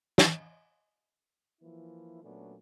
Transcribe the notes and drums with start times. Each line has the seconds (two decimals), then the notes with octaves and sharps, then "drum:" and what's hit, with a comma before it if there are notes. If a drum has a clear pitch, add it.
0.18 drum: snare
1.61 E3 F3 A#3 E4
2.23 A#2 F#3 A3 B3 C#4 D4